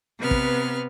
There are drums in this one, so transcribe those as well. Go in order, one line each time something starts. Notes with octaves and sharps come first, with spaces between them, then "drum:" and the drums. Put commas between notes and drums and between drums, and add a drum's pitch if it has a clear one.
C3 B3 B4 F6
drum: kick